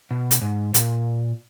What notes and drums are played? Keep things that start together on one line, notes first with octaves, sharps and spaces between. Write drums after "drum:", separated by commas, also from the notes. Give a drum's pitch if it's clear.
B2
drum: hi-hat
G#2
A#2, drum: hi-hat